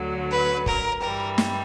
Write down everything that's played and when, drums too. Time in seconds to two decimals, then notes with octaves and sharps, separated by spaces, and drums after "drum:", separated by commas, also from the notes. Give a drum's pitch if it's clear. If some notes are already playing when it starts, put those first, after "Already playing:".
Already playing: D2 D3 F#3
0.31 B4
0.66 A#4, drum: kick
1.02 G2 E3 G3 A#4
1.38 drum: snare